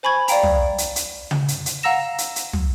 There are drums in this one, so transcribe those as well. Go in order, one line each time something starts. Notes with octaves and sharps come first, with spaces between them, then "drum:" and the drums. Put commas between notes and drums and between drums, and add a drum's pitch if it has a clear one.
C5 G#5 B5 C#6 G#6
D5 F5 G5 A#5, drum: hi-hat
drum: tom
drum: hi-hat
drum: hi-hat
drum: tom C#3
drum: hi-hat
drum: hi-hat
F5 F#5 A#5 E6 A#6 E7
drum: hi-hat
drum: hi-hat
drum: tom